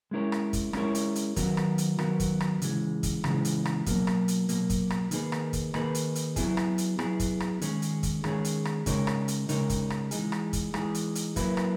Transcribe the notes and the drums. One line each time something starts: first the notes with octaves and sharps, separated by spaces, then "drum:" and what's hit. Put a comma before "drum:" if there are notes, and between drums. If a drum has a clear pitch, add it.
G#3 C#4 E4 A#4 C#5
drum: rim click
drum: kick, hi-hat
G#3 C#4 E4 A#4 C#5, drum: rim click
drum: hi-hat
drum: hi-hat
D#3 F#3 B3 F#4 A#4, drum: kick, hi-hat
drum: rim click
drum: hi-hat
D#3 F#3 B3 F#4 A#4, drum: rim click
drum: kick, hi-hat
drum: rim click
C#3 E3 G#3, drum: hi-hat
drum: kick, hi-hat
C#3 E3 G#3, drum: rim click
drum: hi-hat
drum: rim click
B2 F#3 A#3, drum: kick, hi-hat
drum: rim click
drum: hi-hat
B2 F#3 A#3, drum: hi-hat
drum: kick, hi-hat
drum: rim click
D#3 A#3 D#4 G#4 B4, drum: hi-hat
drum: rim click
drum: kick, hi-hat
D#3 A#3 D#4 G#4 B4, drum: rim click
drum: hi-hat
drum: hi-hat
F#3 B3 E4 G#4, drum: kick, hi-hat
drum: rim click
drum: hi-hat
F#3 B3 E4 G#4, drum: rim click
drum: kick, hi-hat
drum: rim click
D#3 G#3 C#4 G#4 C#5, drum: hi-hat
drum: hi-hat
drum: kick, hi-hat
D#3 G#3 C#4 G#4 C#5, drum: rim click
drum: hi-hat
drum: rim click
C#3 G#3 D#4 A#4 C#5, drum: kick, hi-hat
drum: rim click
drum: hi-hat
C#3 G#3 D#4 A#4 C#5, drum: hi-hat
drum: kick, hi-hat
drum: rim click
E3 G#3 D#4 G#4, drum: hi-hat
drum: rim click
drum: kick, hi-hat
E3 G#3 D#4 G#4, drum: rim click
drum: hi-hat
drum: hi-hat
F#3 A#3 E4 B4, drum: kick, hi-hat
drum: rim click